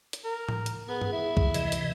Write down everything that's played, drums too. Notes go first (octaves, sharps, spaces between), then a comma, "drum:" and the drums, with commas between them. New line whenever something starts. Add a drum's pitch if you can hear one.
drum: hi-hat
A#4
drum: tom A2
drum: hi-hat
B3 G#4
drum: tom G2
E4
drum: kick C2
C3 E3 D#5, drum: hi-hat
drum: hi-hat